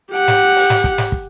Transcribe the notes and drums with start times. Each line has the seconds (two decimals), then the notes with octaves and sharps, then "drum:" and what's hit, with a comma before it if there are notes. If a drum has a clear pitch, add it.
0.14 G4 F#5, drum: hi-hat
0.28 drum: snare
0.56 drum: open hi-hat
0.70 drum: snare
0.84 drum: kick, hi-hat
0.98 drum: snare
1.12 drum: kick